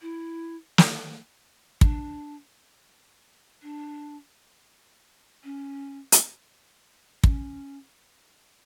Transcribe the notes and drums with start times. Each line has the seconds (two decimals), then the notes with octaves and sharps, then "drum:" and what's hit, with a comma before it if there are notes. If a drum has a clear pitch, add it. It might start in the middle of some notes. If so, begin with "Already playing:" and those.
0.02 E4
0.78 drum: snare
1.81 D4, drum: kick
3.62 D4
5.44 C#4
6.12 drum: hi-hat
7.24 C#4, drum: kick